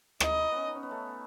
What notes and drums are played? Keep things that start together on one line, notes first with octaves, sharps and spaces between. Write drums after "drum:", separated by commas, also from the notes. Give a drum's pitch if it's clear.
D#4 D#5, drum: rim click
E4
D#4
B3 C#4
D#4
C#4
B3
A3